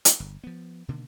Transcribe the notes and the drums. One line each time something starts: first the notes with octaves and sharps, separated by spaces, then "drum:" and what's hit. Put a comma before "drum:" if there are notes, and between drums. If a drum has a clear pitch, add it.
drum: hi-hat
G1
F3 B3
B2 D3 D#3 A#3